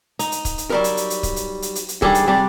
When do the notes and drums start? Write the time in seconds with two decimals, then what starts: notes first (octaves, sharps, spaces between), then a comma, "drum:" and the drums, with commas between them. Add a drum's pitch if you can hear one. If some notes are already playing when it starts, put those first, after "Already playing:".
0.19 D#4, drum: hi-hat
0.32 drum: hi-hat
0.45 drum: kick C#1, hi-hat
0.58 drum: hi-hat
0.70 F#3 G3 A#4
0.84 drum: hi-hat
0.97 drum: hi-hat
1.10 drum: hi-hat
1.23 drum: kick C#1, hi-hat
1.36 drum: hi-hat
1.62 drum: hi-hat
1.75 drum: hi-hat
1.88 drum: hi-hat
2.02 D#3 G3 D4 G#4 A4, drum: kick C#1
2.15 drum: hi-hat
2.28 C3 G3 D4